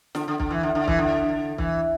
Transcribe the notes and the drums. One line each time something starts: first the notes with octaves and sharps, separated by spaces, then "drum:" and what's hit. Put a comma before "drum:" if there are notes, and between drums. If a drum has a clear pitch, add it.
D3, drum: snare
D3
D3, drum: kick
E3
D3
D3
E3, drum: kick
D3
E3, drum: kick